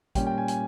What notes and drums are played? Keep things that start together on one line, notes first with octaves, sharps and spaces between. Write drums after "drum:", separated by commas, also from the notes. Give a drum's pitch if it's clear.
A#2 G3 C#4 G5, drum: kick, hi-hat
G5
G#5
G#5, drum: hi-hat